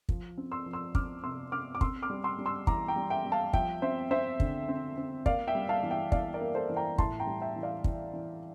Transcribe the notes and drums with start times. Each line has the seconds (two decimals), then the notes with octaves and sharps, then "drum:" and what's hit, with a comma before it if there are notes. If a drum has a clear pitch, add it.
0.09 F3, drum: kick
0.38 C4
0.52 C6 E6
0.66 F3
0.73 C6 E6
0.95 C4 D6 F6, drum: kick
1.24 C3 C6 E6
1.52 C4 D6 F6
1.75 D6
1.81 C4 C6 E6, drum: kick
2.03 D6 F6
2.10 G3
2.24 C6 E6
2.38 G3
2.46 C6 E6
2.67 E3 A#5 D6, drum: kick
2.88 G5 A#5
2.96 G3
3.10 E5 G5
3.25 G3
3.32 F5 A5
3.53 F3 E5 G5, drum: kick
3.82 C4 C5 E5
4.11 C4 C5 E5
4.40 D3, drum: kick
4.69 C4
4.97 C4
5.26 A#3 D5 F5, drum: kick
5.48 E5 G5
5.55 G3
5.69 F5 A5
5.83 E3
5.91 E5 G5
6.12 E3 D5 F5, drum: kick
6.34 A#4 D5
6.41 A#3
6.55 A4 C5
6.69 E3
6.76 G5 A#5
6.98 A2 A5 C6, drum: kick
7.20 G5 A#5
7.27 G3
7.42 E5 G5
7.56 E3
7.63 D5 F5
7.84 E3, drum: kick
8.13 E3